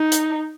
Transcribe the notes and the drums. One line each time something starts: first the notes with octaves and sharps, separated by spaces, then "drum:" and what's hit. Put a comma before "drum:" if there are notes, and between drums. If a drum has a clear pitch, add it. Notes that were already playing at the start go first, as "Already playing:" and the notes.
Already playing: D#4
drum: hi-hat